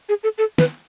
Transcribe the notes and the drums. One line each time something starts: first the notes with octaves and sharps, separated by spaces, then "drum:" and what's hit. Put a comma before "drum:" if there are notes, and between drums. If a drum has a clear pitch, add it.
G#4
A4
A4
B4, drum: snare